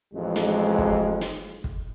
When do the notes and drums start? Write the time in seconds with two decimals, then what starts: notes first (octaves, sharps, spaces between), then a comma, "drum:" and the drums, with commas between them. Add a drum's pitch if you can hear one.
0.14 A1 F2 G#3
0.36 drum: snare
0.78 drum: kick
1.21 drum: snare
1.64 drum: kick